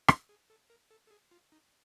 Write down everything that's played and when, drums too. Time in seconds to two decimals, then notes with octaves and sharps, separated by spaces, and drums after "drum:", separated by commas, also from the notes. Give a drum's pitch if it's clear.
0.08 F4, drum: rim click
0.29 G#4
0.50 A4
0.70 A#4
0.91 A4
1.06 A4
1.11 G#4
1.31 F4
1.52 D#4